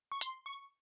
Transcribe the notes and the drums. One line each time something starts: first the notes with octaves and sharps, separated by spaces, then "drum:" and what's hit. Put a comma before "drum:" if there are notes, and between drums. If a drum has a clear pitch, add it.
C#6
C6, drum: hi-hat
C#6